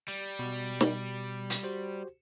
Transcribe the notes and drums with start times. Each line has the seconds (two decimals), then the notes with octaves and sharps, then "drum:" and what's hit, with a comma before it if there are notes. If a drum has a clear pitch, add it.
0.08 G3
0.39 B2
0.81 drum: snare
1.50 drum: hi-hat
1.63 F#4 G4 C5